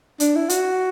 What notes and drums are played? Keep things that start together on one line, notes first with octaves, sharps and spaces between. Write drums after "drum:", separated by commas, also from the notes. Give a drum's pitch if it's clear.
D4, drum: hi-hat
E4
F#4, drum: hi-hat